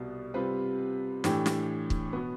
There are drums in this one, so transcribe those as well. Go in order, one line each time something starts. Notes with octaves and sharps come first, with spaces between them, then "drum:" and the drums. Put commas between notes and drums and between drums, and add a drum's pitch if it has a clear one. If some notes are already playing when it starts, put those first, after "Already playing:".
Already playing: C2 B2 G3 B3
C3 G3 C4 F4 B4
A2 E3 A3 D4 G4, drum: snare
drum: snare
drum: kick
B2 B3